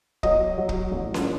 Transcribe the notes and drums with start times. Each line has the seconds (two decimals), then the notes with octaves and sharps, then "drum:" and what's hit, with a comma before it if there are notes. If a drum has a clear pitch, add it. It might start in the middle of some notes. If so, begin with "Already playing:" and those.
0.23 F#3 D#5, drum: kick
0.58 F#3
0.69 drum: kick
0.92 A1
1.14 drum: snare C#4